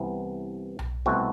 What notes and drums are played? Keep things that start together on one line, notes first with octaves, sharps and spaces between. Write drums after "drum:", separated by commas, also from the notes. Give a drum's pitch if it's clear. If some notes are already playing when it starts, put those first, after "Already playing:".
Already playing: C2 C3 E3 B3
drum: tom B1
C2 B2 A3 C4 F#4